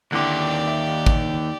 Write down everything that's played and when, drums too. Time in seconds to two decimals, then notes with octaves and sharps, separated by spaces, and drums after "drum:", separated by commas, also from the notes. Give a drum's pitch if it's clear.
0.12 D#2 D3 E4 G4 D5 C6 D6
0.68 E5
1.06 drum: kick